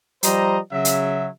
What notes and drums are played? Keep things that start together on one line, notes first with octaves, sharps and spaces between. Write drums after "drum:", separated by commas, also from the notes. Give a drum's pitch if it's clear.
F3 G3 C5 D#5 A#5, drum: hi-hat
C#3 F#3 E5
drum: hi-hat